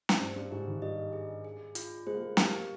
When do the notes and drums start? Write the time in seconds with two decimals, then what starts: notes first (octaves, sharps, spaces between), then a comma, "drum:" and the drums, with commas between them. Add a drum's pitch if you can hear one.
0.09 drum: snare
0.20 G2 C5
0.36 G2
0.51 G#2 G4
0.67 D#3
0.82 G3 D#5
1.13 G#4
1.45 G#4
1.75 F4, drum: hi-hat
2.07 G#3 C5
2.14 A#3
2.22 G#3
2.37 A#3 G4, drum: snare